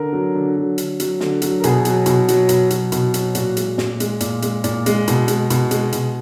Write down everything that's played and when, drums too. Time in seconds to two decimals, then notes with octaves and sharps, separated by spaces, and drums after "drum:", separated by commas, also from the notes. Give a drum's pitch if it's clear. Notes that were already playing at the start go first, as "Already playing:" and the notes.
Already playing: D3 A#4
0.13 F#3
0.35 D3
0.57 F#3
0.78 D3, drum: hi-hat
1.00 F#3, drum: hi-hat
1.20 D3, drum: snare
1.42 F#3, drum: hi-hat
1.60 A#4
1.64 B2 G#4, drum: hi-hat
1.85 F#3, drum: hi-hat
2.06 B2, drum: hi-hat
2.28 F#3, drum: hi-hat
2.49 B2, drum: hi-hat
2.70 F#3, drum: hi-hat
2.92 B2, drum: hi-hat
3.14 F#3, drum: hi-hat
3.35 A#2 F#4, drum: hi-hat
3.57 G#3, drum: hi-hat
3.78 A#2, drum: snare
4.00 G#3, drum: hi-hat
4.20 A#2, drum: hi-hat
4.42 G#3, drum: hi-hat
4.64 A#2, drum: hi-hat
4.86 G#3, drum: hi-hat
5.08 B2, drum: hi-hat
5.28 G#3, drum: hi-hat
5.50 B2, drum: hi-hat
5.71 G#3, drum: hi-hat
5.92 B2, drum: hi-hat